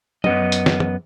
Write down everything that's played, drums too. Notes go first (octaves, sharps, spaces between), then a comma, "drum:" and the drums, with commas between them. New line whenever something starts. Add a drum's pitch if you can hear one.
F#2 B3 D#5, drum: tom
drum: hi-hat
drum: snare
drum: tom